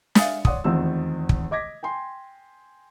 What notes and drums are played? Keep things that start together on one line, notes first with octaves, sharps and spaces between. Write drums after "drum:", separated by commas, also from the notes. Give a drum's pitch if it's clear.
E5 F5 G#5 D#6 A6 C#7, drum: snare
C#5 D5 F#5 C6 D#6, drum: kick
F1 E2 D#3 C4 F4 E6
drum: kick
D#5 D6 G#6 A#6 B6
G5 G#5 C6